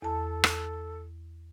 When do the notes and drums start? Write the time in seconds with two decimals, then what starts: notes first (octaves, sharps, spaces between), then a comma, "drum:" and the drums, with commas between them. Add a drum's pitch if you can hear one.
0.02 E2 A4 A5
0.44 drum: rim click